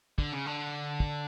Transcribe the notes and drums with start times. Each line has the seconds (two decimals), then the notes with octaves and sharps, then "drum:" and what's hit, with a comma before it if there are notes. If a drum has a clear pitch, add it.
0.18 D3, drum: kick
0.32 C#3
0.46 D3
1.00 drum: kick